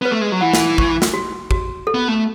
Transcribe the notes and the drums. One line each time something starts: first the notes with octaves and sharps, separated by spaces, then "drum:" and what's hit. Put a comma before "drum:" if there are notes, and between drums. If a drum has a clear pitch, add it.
B3 B4
A3
G#3
F#3
E3 F#5
drum: snare
C#6, drum: kick
drum: snare
F#4
F#4, drum: kick
A4
B3
A3